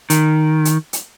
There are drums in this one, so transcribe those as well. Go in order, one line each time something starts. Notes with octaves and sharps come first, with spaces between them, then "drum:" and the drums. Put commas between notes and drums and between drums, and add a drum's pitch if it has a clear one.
D#3, drum: hi-hat
drum: hi-hat
drum: hi-hat